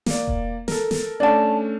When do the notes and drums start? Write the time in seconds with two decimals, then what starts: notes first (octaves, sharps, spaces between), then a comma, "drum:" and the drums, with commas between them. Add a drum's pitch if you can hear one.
0.06 A#3 D5, drum: snare
0.27 drum: kick E1
0.68 A4 A#4, drum: snare
0.91 drum: snare
1.20 A3 C#4 D4 D5 A5